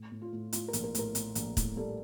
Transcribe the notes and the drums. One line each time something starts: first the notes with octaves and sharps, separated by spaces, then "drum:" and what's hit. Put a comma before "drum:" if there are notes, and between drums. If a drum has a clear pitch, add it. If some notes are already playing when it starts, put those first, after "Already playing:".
Already playing: A2
A2
F4
A2
A2 F4, drum: hi-hat
A#4
A#1, drum: hi-hat
A#4
A2 A#4, drum: hi-hat
A2, drum: hi-hat
A#1, drum: hi-hat
A2, drum: kick, hi-hat
G3 A4